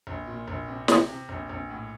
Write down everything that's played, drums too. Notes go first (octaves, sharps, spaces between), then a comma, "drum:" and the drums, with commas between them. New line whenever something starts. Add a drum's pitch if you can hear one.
A#1
A#2
A#1
C3
C3, drum: snare
C3
A#1
A#1
A2